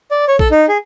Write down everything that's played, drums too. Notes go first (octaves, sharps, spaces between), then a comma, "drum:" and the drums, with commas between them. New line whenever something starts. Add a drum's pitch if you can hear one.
D5
C#5
A4, drum: kick A#1
D#4
G#4